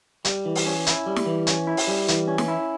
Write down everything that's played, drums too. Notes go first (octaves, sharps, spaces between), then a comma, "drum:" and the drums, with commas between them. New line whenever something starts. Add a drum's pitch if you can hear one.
G3, drum: hi-hat
E3
drum: open hi-hat
C#4
E4, drum: hi-hat
G3
drum: snare
E3
C#4, drum: hi-hat
E4
drum: open hi-hat
G3
E3, drum: hi-hat
C#4
drum: snare
E4